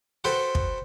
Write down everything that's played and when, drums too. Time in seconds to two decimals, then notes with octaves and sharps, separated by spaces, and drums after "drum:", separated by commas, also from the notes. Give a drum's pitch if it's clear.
0.24 F#4 A4 B4 C5 G5 B5
0.55 drum: kick